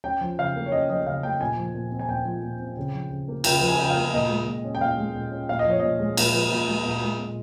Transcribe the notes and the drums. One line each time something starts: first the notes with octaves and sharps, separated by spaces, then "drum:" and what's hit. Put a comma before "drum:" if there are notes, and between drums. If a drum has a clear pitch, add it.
C#4 G5
F3
C#3 F5
A#3
C#5
C#4 D#5
F3 D#5
C#3 F5
A#3 G5
A#2 G#5
F3
A#2
C4
G#5
A#2 G5
F3
A#2
C4
C#3
F3
C#3
A#3
C#3 G5, drum: cymbal
F3
G#5
C#3 G5
F5
A#3
A#2 D#5
G#3
A#2
C#4
G5
A#2 F5
G#3
A#2
C#4
A#2 F5
D#5
F3 C#5
A#2 D#5
G#3
A#2, drum: cymbal
F3
A#2
G#3
A#2
G#3
A#2